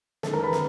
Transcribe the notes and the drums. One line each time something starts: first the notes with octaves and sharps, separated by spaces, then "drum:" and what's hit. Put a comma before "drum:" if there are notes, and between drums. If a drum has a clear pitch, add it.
D#3 G#3 C#4 A4 A5, drum: snare
A#4 A#5
B4 B5
drum: snare